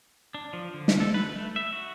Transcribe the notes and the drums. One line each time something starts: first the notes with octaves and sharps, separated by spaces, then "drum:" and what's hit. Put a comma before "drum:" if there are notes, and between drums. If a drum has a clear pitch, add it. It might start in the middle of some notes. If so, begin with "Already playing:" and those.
D4
F3
D3
drum: snare
A4
B4
A3
E5
F#4